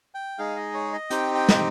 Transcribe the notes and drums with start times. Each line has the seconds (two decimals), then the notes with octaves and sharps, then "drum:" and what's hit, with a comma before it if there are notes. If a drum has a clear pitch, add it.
0.15 G5
0.38 G#3 D#4 G#4 F5
0.56 D#5
0.74 C#5
0.93 D#5
1.10 C4 D#4 G4 G5, drum: hi-hat
1.35 G5
1.48 drum: snare